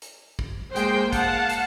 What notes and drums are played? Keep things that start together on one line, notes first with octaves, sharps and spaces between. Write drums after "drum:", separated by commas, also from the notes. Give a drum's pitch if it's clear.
drum: hi-hat
drum: kick
G#3 A#3 C5 G5, drum: hi-hat
F5 F#5 A5, drum: kick, hi-hat
drum: hi-hat